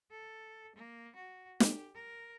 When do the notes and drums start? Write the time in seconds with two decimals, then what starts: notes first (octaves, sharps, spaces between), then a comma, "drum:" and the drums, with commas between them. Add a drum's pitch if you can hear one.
0.11 A4
0.75 A#3
1.16 F#4
1.60 G4, drum: snare
1.94 A#4